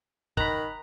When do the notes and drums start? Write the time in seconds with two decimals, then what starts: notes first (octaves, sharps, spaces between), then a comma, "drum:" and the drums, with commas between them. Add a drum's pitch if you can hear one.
0.37 D#3 A#5 B5 F#6, drum: kick